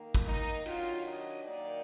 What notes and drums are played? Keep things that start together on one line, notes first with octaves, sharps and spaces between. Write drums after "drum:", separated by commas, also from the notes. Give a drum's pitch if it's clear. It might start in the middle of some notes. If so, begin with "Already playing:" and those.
Already playing: D#3 A#3
drum: kick G#1
D#4
D#3 F#3 D4 F4, drum: cymbal
D#5
D#3 F#3 A#3 D#4 D5